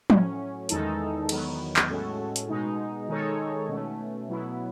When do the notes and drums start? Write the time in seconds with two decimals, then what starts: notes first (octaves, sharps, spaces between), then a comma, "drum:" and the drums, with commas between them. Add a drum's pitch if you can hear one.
0.10 A2 F#3 C#4, drum: tom F3
0.69 E2 D#3 G#3 D#4 A4, drum: hi-hat
1.29 E2 D#3 F#3 B3, drum: cymbal
1.76 drum: clap
1.89 A2 G#3 C#4 F#4 A4
2.36 drum: hi-hat
2.49 B2 G#3 D#4
3.08 D#3 G#3 D#4 A4 C#5
3.68 B2 A3 C#4
4.29 B2 F#3 B3 E4